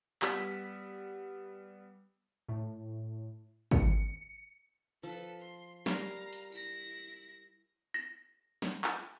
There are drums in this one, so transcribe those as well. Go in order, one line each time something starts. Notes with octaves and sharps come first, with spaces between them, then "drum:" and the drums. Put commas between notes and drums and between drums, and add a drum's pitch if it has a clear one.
G3 B3 E6 B6, drum: clap
A2
C#7, drum: kick
F3 A4 B4
C6
G3 A#4 F5 A#5, drum: snare
drum: hi-hat
E4 A#6, drum: tambourine
A#6
drum: snare
drum: clap